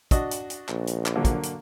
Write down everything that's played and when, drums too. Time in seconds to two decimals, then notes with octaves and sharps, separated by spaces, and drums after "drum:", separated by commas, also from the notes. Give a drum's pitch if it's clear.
0.11 D4 F#4 D#5, drum: kick, hi-hat
0.31 drum: hi-hat
0.50 drum: hi-hat
0.69 A#1, drum: clap
0.87 drum: hi-hat
1.06 drum: clap
1.16 D3 F#3 A#3
1.25 drum: kick, hi-hat
1.43 drum: hi-hat